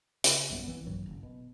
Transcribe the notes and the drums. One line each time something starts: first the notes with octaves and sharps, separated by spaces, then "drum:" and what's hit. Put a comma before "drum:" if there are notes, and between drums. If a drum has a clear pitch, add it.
C#3, drum: hi-hat
A#1 F#2 G3 B3
C2 E3 C4
A#1 G2 D#3 F#3
F#1
B2